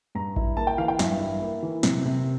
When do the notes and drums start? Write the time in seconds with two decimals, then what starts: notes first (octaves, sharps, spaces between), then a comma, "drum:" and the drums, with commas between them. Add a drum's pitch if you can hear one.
0.15 G2 A#5
0.36 E4, drum: kick A1
0.57 A#3 A5
0.67 G5
0.78 E3 F5
0.88 G5
0.99 G2 E5, drum: snare
1.20 E4
1.41 A#3
1.63 E3
1.83 C3, drum: snare
2.05 C3